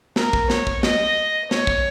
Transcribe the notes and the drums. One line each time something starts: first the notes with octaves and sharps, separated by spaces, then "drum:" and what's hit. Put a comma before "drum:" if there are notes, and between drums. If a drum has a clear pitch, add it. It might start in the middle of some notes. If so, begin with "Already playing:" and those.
A#4, drum: snare
drum: kick
C#5, drum: snare
drum: kick
D#5, drum: snare
C#5, drum: snare
drum: kick